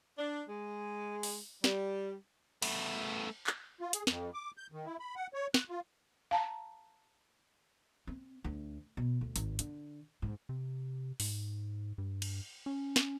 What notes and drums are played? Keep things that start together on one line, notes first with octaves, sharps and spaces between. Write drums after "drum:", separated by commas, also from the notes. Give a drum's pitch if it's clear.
D4
G#3
drum: open hi-hat
G3, drum: snare
A3 B3, drum: cymbal
drum: clap
F4
G#4, drum: hi-hat
F2, drum: snare
D6
G6
D#3
E4
B5
F#5
C#5
F#6, drum: snare
F4
F5 A5 A#5
C4
D2
B2
D2
G#1, drum: hi-hat
D3, drum: hi-hat
G#2
C3
G#2, drum: open hi-hat
G2
drum: cymbal
C#4
drum: snare